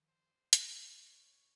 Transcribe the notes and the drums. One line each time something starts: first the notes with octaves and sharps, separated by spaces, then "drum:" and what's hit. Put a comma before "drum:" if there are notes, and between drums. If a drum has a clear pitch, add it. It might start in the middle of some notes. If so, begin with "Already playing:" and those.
Already playing: D#3 F3
C5
C#5, drum: hi-hat